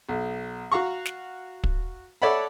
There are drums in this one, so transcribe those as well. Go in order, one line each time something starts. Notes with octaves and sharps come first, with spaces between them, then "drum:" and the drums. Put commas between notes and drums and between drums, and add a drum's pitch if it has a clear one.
B1
F#4 F5 A#5 C#6
drum: snare
drum: kick
A4 C#5 D5 E5 F#5 B5